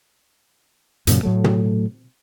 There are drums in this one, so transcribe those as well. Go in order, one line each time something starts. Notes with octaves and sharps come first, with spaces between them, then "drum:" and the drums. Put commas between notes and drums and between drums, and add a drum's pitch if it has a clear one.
F#2 A#2 C#3 F#3, drum: hi-hat
A2 F#3 A3
drum: tom